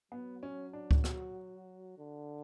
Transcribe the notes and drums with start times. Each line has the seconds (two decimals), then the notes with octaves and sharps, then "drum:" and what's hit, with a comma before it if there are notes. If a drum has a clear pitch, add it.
0.11 F#3 B3
0.43 C#4
0.73 D4
0.91 drum: kick C#2
1.04 F#4, drum: rim click
1.98 D3